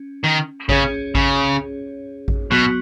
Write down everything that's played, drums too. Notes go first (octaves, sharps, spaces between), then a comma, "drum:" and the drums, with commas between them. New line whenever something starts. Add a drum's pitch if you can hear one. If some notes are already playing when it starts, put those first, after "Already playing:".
Already playing: C#4
D#3
C#3 C#4 G#4 C#5, drum: kick A1
C#3, drum: kick A1
drum: kick A1
B2 F#3 B3 F#4